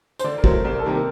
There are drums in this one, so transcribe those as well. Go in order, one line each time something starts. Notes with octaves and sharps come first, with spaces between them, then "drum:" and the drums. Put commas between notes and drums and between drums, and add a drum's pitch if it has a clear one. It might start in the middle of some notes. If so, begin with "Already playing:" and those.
C5, drum: hi-hat
D3 D5
A#4
F#3 A3 C5, drum: kick
C2 A#4
A4
C3 D#3 G3 A#3 A#4